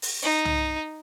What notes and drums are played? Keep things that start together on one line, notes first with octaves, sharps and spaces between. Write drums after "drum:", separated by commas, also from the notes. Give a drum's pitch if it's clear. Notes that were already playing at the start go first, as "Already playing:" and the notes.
drum: open hi-hat
D#4
drum: tom C2